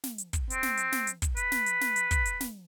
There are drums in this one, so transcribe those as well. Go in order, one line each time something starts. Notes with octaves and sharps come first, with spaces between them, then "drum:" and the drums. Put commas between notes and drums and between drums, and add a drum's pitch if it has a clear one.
drum: snare
drum: hi-hat
drum: kick, hi-hat
C4, drum: hi-hat
drum: snare
drum: hi-hat
drum: snare
drum: hi-hat
drum: kick, hi-hat
B4, drum: hi-hat
drum: snare
drum: hi-hat
drum: snare
drum: hi-hat
drum: kick, hi-hat
drum: hi-hat
drum: snare